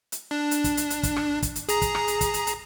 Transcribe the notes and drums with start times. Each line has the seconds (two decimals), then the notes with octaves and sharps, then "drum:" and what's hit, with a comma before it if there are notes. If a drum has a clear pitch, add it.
0.12 drum: hi-hat
0.31 D4
0.51 drum: hi-hat
0.64 drum: kick, hi-hat
0.77 drum: hi-hat
0.90 drum: hi-hat
1.03 drum: kick, hi-hat
1.16 drum: rim click
1.42 drum: kick, hi-hat
1.56 drum: hi-hat
1.69 G#4 A#5, drum: hi-hat
1.82 drum: kick, hi-hat
1.95 drum: rim click
2.08 drum: hi-hat
2.21 drum: kick, hi-hat
2.34 drum: hi-hat
2.47 drum: hi-hat